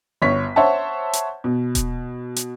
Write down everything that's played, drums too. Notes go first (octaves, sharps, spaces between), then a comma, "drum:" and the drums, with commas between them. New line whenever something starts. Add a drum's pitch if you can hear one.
G1 C#5 B6
C5 C#5 E5 F#5 A5
drum: hi-hat
B2
drum: kick D#1, hi-hat
drum: hi-hat